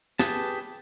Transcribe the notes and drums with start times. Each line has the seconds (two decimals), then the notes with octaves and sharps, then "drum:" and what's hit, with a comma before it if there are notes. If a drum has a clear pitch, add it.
0.19 G4 G#4 B4 A5, drum: snare